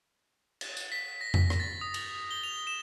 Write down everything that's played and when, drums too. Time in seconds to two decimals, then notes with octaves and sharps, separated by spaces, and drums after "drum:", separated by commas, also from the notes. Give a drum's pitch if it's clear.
0.61 drum: cymbal
0.77 drum: tambourine
0.92 B6
1.21 A#6
1.34 B6, drum: tom F2
1.50 drum: rim click
1.60 A6
1.81 D#6
1.94 drum: cymbal
2.31 G7
2.43 F7
2.67 E7